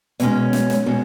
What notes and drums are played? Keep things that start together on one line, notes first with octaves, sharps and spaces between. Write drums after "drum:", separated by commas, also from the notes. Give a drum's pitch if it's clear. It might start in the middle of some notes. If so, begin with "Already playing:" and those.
B2 G#3 C#4 C#5, drum: hi-hat
drum: snare
drum: snare
B2 G#3 C#4